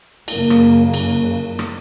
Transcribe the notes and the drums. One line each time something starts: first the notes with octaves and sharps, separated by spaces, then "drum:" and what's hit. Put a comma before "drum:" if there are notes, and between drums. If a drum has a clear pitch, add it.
F#2 C#3 A#3, drum: cymbal
drum: rim click
drum: cymbal
drum: rim click